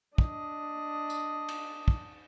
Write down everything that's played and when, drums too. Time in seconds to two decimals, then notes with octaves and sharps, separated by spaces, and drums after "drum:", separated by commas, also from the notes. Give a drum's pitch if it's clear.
0.18 D4 D#5, drum: kick
1.10 drum: tambourine
1.48 drum: cymbal
1.88 drum: kick